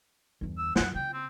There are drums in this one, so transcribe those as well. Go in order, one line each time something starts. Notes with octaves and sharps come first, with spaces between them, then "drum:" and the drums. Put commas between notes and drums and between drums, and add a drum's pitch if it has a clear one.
G1 E2
E6
F#2 D#3 F#5, drum: snare
C#3 G5
C4